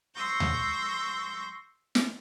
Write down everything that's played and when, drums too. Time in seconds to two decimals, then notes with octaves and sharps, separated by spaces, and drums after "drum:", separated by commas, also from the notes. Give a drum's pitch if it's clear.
0.15 C6 C#6 E6 G6 A#6
0.40 drum: tom D2
1.95 drum: snare